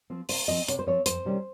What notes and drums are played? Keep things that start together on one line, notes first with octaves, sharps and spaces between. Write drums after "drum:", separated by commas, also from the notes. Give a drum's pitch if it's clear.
F3 C4
C3 C5, drum: open hi-hat
F3 C4 D#5
C3 C#5, drum: hi-hat
C5
F3 C4 C#5
F2 C5, drum: hi-hat
C3 D#3 G3 C#4